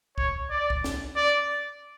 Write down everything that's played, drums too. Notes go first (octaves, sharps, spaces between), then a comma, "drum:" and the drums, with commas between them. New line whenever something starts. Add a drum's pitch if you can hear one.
C#5, drum: kick
D5
drum: kick
drum: snare
D5